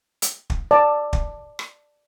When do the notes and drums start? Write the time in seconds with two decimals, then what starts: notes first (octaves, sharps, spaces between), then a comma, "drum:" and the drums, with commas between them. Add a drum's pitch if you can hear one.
0.22 drum: hi-hat
0.50 drum: kick
0.71 D5 A5
1.13 drum: kick
1.59 drum: rim click